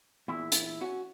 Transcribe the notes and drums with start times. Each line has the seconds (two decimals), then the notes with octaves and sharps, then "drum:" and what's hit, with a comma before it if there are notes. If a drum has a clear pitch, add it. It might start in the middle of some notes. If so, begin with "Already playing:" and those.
0.28 E2 A#2 E4
0.52 drum: hi-hat
0.81 C#4 F#4